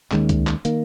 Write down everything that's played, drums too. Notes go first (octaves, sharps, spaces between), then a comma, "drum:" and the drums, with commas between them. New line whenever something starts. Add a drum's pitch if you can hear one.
D#2 D#3 G#3 C#4, drum: clap
drum: kick C#2, hi-hat
drum: clap
D#3 A#3, drum: hi-hat